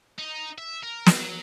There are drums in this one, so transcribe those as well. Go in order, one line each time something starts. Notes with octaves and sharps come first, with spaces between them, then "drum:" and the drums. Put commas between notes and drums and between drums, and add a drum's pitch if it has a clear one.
D#4
E5
A#4
C4, drum: snare
F#3